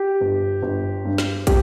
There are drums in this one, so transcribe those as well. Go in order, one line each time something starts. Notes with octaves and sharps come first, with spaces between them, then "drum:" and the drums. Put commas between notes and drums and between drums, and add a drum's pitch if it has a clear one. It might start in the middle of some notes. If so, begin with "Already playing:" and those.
Already playing: G4
G1
G1
G2
drum: snare
G4, drum: kick, hi-hat